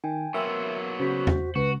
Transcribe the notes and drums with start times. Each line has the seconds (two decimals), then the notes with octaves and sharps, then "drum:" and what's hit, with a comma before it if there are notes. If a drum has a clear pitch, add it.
0.04 D#3 G5 G#5
0.34 F#3 A#3 B3 A#4 E5 C6 E6
1.00 C#3 F#4 C5 B6
1.27 drum: tom E2
1.56 C#2 F#4 B4